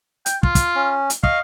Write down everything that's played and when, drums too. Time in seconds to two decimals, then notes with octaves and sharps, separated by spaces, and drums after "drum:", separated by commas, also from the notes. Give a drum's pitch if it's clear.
0.26 G5, drum: hi-hat
0.43 F4, drum: kick
0.55 drum: kick, hi-hat
0.76 C#4
1.10 drum: hi-hat
1.23 D#5 F5 C#6, drum: kick